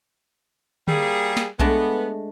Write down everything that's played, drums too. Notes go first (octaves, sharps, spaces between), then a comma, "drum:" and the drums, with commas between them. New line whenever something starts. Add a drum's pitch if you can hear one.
G3 A#3 G#4, drum: tom D3
drum: snare
G#3 A3 B3 D4, drum: kick B1